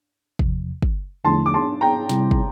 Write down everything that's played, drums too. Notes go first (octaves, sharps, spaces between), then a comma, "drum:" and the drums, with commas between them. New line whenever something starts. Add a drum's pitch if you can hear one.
E2 C3 F3, drum: kick
drum: kick
E2 D3 F3 A3 E4 A5 C6
D6
A5 C6
G5 A#5
C3 G3 C4 E4, drum: snare
drum: kick